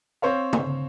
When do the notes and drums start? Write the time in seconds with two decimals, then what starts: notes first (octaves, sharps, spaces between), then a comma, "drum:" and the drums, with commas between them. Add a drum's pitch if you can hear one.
0.22 C4 C5 C#5 F5
0.53 drum: tom